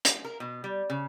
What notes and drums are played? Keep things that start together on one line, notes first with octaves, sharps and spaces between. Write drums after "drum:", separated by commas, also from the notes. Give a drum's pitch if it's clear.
drum: hi-hat
A#4
B2
G3
C#3